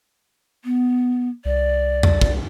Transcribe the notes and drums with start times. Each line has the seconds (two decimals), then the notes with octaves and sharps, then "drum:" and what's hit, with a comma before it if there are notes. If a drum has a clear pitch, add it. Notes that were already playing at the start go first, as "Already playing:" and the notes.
0.65 B3
1.45 C2 D5
2.03 drum: tom E2
2.21 drum: kick